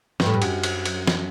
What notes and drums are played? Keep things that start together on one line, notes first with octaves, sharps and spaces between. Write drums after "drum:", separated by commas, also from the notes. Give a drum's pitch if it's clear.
G2, drum: snare
A2
G2
F#2, drum: cymbal
drum: cymbal
drum: cymbal
drum: snare